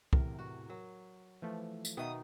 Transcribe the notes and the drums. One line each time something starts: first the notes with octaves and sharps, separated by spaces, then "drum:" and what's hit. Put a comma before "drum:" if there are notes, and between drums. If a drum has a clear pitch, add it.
E2 A2 C3 A#4, drum: kick
F#4
F#3 A#4
E3 F3 A3
drum: tambourine
B2 D#3 B3 D#4 B4 E5 A#5 D#6